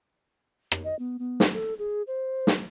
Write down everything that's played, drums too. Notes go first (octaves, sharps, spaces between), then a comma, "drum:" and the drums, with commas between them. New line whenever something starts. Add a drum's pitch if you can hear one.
drum: rim click
D#5
B3
B3
drum: snare
A4
G#4
C5
drum: snare